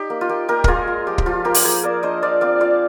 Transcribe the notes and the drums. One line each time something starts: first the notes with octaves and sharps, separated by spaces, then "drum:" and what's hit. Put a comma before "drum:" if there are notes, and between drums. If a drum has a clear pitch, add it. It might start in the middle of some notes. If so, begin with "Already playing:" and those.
Already playing: D#4 G4
A#3
F4
A#3 G4
A#3 G4 A#4
G#3 F4 G#4 A#4, drum: kick
G#3
F3 G4
G4, drum: kick
F3 F4
F4 G4 A#4
drum: open hi-hat
A#3 G#4 C5
A#3 A#4 D5
D4 C5 D#5
F3 D5 F5
C4 D5 F5
F4 D5 F5